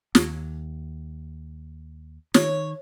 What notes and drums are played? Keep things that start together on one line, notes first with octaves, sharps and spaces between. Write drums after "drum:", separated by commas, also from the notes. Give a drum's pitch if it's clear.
D#2, drum: snare
D#3 C#5, drum: snare